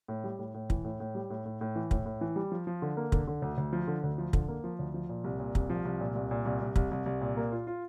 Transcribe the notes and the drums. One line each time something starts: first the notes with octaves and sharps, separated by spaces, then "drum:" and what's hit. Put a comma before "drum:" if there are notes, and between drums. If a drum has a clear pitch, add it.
A2
G3
A2
A2
E3, drum: kick
A2
A2
G3
A2
A2
A2
E3
A2, drum: kick
A2
E3
G3
F3
F3
D3
A#3
D3, drum: kick
D3
D2
D2
F3
D3
D2
F3
D3, drum: kick
A#3
F3
D2
F3
A#2
C2
A#2
C2, drum: kick
F3
C2
A#2
C2
A#2
C2
C2
C2, drum: kick
C2
C2
A#2
A#3
F4
F4